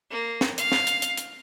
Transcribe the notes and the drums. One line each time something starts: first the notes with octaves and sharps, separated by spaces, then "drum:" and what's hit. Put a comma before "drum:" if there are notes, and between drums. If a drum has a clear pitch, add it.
A#3
drum: snare
F5, drum: hi-hat
drum: snare
drum: hi-hat
drum: hi-hat
drum: hi-hat